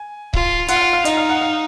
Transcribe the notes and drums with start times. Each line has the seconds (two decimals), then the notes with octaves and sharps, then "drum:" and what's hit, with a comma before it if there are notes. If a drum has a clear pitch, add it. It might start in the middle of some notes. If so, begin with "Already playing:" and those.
Already playing: G#5
0.34 F4, drum: kick C#1
0.68 F4 F#5, drum: hi-hat
0.76 F5
0.82 F#5
0.93 F5
1.05 D#4 D#5, drum: hi-hat
1.17 F5
1.29 F#5
1.41 F5